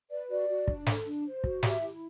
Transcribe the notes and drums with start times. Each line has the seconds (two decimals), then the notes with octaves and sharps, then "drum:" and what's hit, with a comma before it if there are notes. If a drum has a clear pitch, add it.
0.11 B4 D5
0.29 F#4 D5
0.49 F#4
0.68 D4, drum: kick
0.86 A4, drum: snare
1.05 D4
1.25 C5
1.44 F#4, drum: kick
1.63 G4 E5, drum: snare
1.81 E4